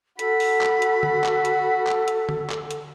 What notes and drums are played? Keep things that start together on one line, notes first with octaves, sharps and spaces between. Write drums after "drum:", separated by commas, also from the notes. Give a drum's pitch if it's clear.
F#4 A4 B5, drum: hi-hat
drum: open hi-hat
drum: clap
drum: hi-hat
drum: tom D3
drum: clap
drum: hi-hat
drum: clap
drum: hi-hat
drum: tom D3
drum: clap
drum: hi-hat